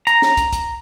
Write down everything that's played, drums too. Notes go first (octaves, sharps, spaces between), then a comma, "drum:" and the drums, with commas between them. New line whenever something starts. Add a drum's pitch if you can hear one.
A#5, drum: hi-hat
drum: snare
drum: kick, hi-hat
drum: kick, hi-hat